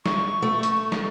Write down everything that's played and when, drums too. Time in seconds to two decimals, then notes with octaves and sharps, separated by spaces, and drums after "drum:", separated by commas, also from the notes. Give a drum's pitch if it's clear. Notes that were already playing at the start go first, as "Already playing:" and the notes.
0.06 C#6, drum: snare
0.42 A3
0.63 drum: hi-hat
0.92 drum: snare